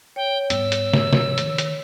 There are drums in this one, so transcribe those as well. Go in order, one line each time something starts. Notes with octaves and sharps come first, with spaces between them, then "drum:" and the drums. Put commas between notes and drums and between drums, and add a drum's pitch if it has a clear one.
C#5 G5
G#2 G3 B3 E6, drum: hi-hat
drum: hi-hat
drum: snare
C3 F3, drum: snare
D#3, drum: hi-hat
drum: hi-hat